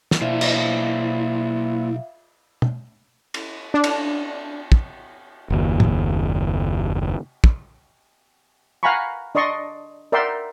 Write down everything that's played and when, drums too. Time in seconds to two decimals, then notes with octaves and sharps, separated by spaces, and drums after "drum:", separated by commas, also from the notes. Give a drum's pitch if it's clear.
0.11 drum: snare
0.21 B1 A#3 E4 F4 C5 D5 E5 F5
0.41 drum: cymbal
2.62 drum: tom
3.34 drum: cymbal
3.74 D4
3.84 drum: cymbal
4.72 drum: kick
5.50 F#1 D#2
5.80 drum: tom
7.44 drum: kick
8.83 F5 F#5 G#5 A#5 B5 C#6
9.35 D4 D5 D#5 C6 C#6
10.12 A#4 D5 E5 F#5 G5 C6